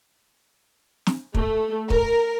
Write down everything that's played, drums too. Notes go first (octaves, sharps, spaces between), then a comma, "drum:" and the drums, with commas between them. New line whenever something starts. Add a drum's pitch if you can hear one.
drum: snare
A3, drum: kick
A#4, drum: kick